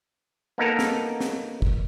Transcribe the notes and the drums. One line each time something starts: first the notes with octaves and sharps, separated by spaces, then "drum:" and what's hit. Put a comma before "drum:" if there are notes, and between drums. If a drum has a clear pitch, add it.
A#3 B3 D#4 A4 A#4 A#5
drum: snare
drum: snare
drum: kick